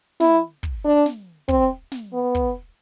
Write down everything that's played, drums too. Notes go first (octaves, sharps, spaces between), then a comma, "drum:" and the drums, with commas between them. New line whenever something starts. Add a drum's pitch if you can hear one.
E4, drum: snare
drum: kick
D4
drum: snare
C4, drum: kick
drum: snare
B3
drum: kick